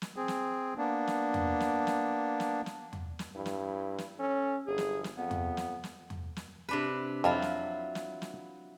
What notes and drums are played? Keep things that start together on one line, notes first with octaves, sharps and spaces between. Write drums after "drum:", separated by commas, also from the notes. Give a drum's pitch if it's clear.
drum: snare
C4 G#4
drum: snare
A#3 B3 D4
drum: snare
drum: tom E2
drum: snare
drum: snare
drum: snare
drum: snare
drum: tom E2
drum: snare
G2 E4
drum: snare
drum: snare
C#4 A4
G1 G#4
drum: snare
drum: snare
F2 B3
drum: tom E2
drum: snare
drum: snare
drum: tom E2
drum: snare
C3 D4 B4
F2 F#3 E4 F4
drum: snare
drum: snare
drum: snare